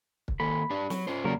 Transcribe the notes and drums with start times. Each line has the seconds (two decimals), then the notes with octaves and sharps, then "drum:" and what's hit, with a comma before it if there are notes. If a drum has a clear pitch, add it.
0.28 drum: kick
0.40 D#3 A#3 A4 B5
0.70 D4 G4 D5
0.90 F#3, drum: snare
1.07 C#4 F4 C5
1.24 E2 C#3 F#3 A#3 A#4 D5